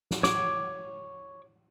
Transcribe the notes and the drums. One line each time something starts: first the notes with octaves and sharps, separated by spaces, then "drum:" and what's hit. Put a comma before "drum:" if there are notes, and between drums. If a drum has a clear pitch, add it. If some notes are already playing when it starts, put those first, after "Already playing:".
drum: snare
C#5 D6, drum: snare